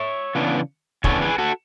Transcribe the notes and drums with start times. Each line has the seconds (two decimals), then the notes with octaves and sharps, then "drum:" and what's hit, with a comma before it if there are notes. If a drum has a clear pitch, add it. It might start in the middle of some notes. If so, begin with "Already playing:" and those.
Already playing: C#5 E5
0.35 C#3 E3 B3 D4
1.04 C#3 E3 B3 D4 A4 C#5, drum: kick
1.22 G#4 B4
1.38 F#4 A4